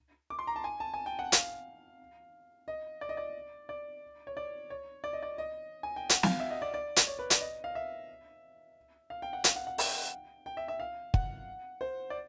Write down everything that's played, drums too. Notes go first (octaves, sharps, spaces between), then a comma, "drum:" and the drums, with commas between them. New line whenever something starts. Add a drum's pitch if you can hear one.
D6
C6
A#5
A5
G#5
A5
G#5
G5
F#5
F5, drum: hi-hat
D#5
D5
D#5
D5
D5
C#5
D5
C#5
D5
D#5
D5
D#5
G#5
G5
F#5, drum: hi-hat
F5, drum: snare
E5
D#5
D5
D5
drum: hi-hat
C#5
B4
D5, drum: hi-hat
D#5
F5
E5
F5
G5
F#5
F5, drum: hi-hat
F#5
F#5
G5, drum: open hi-hat
G5
E5
E5
F5
F#5, drum: kick
C5
D5